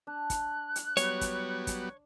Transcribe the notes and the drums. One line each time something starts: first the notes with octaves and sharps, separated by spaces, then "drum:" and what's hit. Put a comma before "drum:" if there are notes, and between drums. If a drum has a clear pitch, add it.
D4 F#6
drum: kick, hi-hat
drum: hi-hat
F#3 G3 B3 C#5, drum: hi-hat
drum: kick, hi-hat
drum: kick, hi-hat